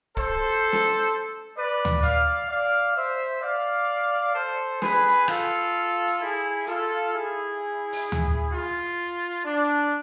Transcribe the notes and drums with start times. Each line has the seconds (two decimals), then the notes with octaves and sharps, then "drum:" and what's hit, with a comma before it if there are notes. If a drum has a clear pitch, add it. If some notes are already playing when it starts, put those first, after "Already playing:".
0.17 A4 C5, drum: kick
0.73 drum: snare
1.56 B4 D5
1.85 drum: tom D2
2.03 D5 F5, drum: hi-hat
2.50 D5 F5
2.96 C5 E5
3.42 D5 F5
4.35 A4 C5
4.82 G#4 B4, drum: snare
5.09 drum: hi-hat
5.28 F4 A4, drum: rim click
6.07 drum: hi-hat
6.20 E4 G#4
6.67 F4 A4, drum: hi-hat
7.13 E4 G#4
7.93 drum: open hi-hat
8.12 drum: tom D2
8.53 F4
9.46 D4